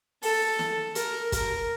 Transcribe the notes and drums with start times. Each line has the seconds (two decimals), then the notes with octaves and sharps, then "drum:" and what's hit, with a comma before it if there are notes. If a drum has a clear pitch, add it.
0.22 A4, drum: open hi-hat
0.59 drum: snare
0.95 A#4, drum: hi-hat
1.32 A#4, drum: kick, hi-hat